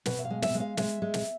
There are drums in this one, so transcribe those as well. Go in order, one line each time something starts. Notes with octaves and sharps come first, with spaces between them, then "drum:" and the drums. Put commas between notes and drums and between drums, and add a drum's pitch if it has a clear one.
B2 B4, drum: snare
E5
F5
G#3
E5, drum: snare
G#3
F5
G#3 E5, drum: snare
G#3
drum: snare